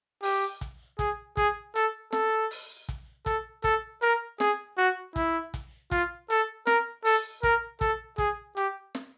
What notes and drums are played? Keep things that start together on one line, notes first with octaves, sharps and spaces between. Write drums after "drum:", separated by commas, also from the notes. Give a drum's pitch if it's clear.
G4, drum: open hi-hat
drum: kick, hi-hat
G#4, drum: kick, hi-hat
G#4, drum: kick, hi-hat
A4, drum: hi-hat
A4, drum: snare
drum: open hi-hat
drum: kick, hi-hat
A4, drum: kick, hi-hat
A4, drum: kick, hi-hat
A#4, drum: hi-hat
G#4, drum: snare
F#4
E4, drum: kick, hi-hat
drum: kick, hi-hat
F4, drum: kick, hi-hat
A4, drum: hi-hat
A#4, drum: snare
A4, drum: open hi-hat
A#4, drum: kick, hi-hat
A4, drum: kick, hi-hat
G#4, drum: kick, hi-hat
G4, drum: hi-hat
drum: snare